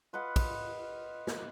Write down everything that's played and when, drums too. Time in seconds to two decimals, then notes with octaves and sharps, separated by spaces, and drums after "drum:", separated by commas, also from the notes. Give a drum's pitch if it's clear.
0.13 F4 B4 D#5 F#5
0.36 drum: kick, cymbal
1.27 drum: snare